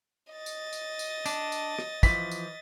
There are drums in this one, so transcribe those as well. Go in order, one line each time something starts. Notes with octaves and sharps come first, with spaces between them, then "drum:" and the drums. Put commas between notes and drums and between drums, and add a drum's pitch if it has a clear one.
D#5 A6
drum: tambourine
drum: tambourine
drum: tambourine
D4, drum: tambourine
drum: tambourine
drum: rim click
E3 F3 B6, drum: kick, tambourine
drum: tambourine